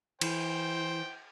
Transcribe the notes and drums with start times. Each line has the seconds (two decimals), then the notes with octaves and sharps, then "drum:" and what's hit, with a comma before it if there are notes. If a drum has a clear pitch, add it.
0.21 E3 C5 G5, drum: cymbal